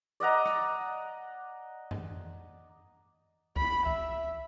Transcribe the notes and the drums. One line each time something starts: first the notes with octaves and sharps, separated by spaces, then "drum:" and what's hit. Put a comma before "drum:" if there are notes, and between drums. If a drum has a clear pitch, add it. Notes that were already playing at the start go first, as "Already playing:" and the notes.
D5 D#5 F#5 A#5
drum: rim click
drum: tom F2
B5, drum: kick C#2
E5, drum: kick C#2